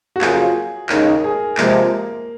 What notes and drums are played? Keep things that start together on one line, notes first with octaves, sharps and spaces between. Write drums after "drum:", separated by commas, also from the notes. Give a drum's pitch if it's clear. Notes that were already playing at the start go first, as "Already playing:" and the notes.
F#4
F2 C#3 F#3 A#3 F4 G#4, drum: clap
D#2 C#3 G#3 D#4 A#4, drum: clap
G#4
C3 F3 G#3 A#3, drum: clap